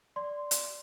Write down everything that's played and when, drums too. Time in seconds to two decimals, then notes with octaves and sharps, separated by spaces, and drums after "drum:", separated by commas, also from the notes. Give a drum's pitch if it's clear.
0.16 D5 C6
0.51 drum: hi-hat